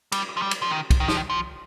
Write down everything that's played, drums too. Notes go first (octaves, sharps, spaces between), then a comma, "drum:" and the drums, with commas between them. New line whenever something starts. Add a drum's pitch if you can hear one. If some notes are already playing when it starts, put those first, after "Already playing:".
G3, drum: cymbal
F3
G3
drum: cymbal
F3
D#3
drum: kick, cymbal
D#3
F3, drum: snare
D#3
F3